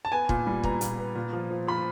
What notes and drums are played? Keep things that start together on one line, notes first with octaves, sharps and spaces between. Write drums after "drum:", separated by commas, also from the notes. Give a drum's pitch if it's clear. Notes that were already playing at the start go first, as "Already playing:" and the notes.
A5
B3 G#5
A#2, drum: kick
G3
B3 A#5, drum: kick
A#2, drum: hi-hat
B3
A#2
F3
F3
F3 B5